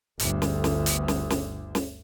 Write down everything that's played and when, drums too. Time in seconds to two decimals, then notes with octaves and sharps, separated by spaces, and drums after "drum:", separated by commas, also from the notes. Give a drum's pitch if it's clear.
0.20 G1 D2 D3, drum: hi-hat
0.42 drum: snare
0.64 drum: snare
0.86 drum: hi-hat
1.08 drum: snare
1.30 drum: snare
1.75 drum: snare